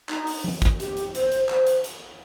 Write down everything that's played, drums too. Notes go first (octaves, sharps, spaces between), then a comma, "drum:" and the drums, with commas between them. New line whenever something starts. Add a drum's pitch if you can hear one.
D#4, drum: clap
drum: open hi-hat
drum: tom E3
drum: kick, hi-hat
G4, drum: hi-hat
drum: hi-hat
C5, drum: hi-hat
drum: hi-hat
C5, drum: clap
drum: hi-hat
drum: hi-hat